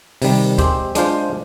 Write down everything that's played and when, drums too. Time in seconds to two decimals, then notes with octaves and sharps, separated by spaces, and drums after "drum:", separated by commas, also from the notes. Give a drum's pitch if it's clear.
0.22 C3 D#3 G3, drum: open hi-hat
0.58 G#3 C4 G4 C5, drum: kick, hi-hat
0.95 G#3 D4 F4 C5, drum: hi-hat